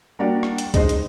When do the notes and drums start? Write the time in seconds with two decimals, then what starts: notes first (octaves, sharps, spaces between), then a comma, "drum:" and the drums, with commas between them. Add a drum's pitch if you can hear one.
0.19 G3 A#3 D4 F#4 G4 D5
0.43 drum: rim click
0.58 drum: hi-hat
0.74 G#3 D#4 C5 D#5, drum: kick C#2, hi-hat
0.89 drum: hi-hat